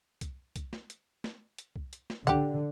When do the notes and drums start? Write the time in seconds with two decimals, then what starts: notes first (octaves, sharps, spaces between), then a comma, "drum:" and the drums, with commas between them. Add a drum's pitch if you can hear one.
0.21 drum: kick C2, hi-hat
0.56 drum: kick C2, hi-hat
0.73 drum: snare
0.90 drum: hi-hat
1.24 drum: snare
1.58 drum: hi-hat
1.76 drum: kick C2
1.93 drum: hi-hat
2.10 drum: snare
2.27 D3 G4 F#5, drum: kick C2, hi-hat